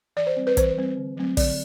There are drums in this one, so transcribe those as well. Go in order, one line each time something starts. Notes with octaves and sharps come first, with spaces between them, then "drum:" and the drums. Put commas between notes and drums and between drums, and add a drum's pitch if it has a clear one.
E3 D5
C5
G3 C4
B4
E3 C5, drum: kick, hi-hat
G3 C4
D3
F#3 A3 C4
D3 D5, drum: kick, open hi-hat